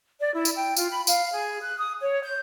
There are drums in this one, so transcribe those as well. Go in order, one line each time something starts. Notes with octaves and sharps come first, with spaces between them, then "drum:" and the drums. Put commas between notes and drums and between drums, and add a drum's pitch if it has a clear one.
D5
E4
drum: tambourine
G5
F4, drum: tambourine
B5
F5, drum: tambourine
G#4
F#6
D#6
C#5
G6